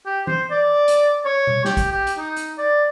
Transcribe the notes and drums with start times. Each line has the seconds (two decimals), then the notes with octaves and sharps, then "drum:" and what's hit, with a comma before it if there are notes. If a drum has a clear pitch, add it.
0.06 G4
0.27 C5, drum: tom E3
0.51 D5
0.88 drum: hi-hat
1.25 C#5
1.47 drum: tom B2
1.65 G4, drum: snare
1.77 drum: kick, hi-hat
1.92 G4
2.07 drum: hi-hat
2.18 D#4
2.36 drum: hi-hat
2.58 D5